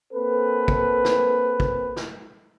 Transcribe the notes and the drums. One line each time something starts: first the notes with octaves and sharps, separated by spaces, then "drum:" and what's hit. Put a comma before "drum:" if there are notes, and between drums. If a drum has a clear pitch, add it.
A#3 C4 A4 B4
drum: kick
drum: snare
drum: kick
drum: snare